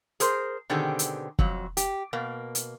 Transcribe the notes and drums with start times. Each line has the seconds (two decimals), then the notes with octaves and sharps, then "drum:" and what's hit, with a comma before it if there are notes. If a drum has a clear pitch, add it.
0.20 G#4 A#4 C5, drum: hi-hat
0.70 B2 D3 D#3 C4 G4 G#4
0.99 drum: hi-hat
1.39 F2 F#3, drum: kick
1.77 G4, drum: hi-hat
2.13 B2 A#3
2.55 drum: hi-hat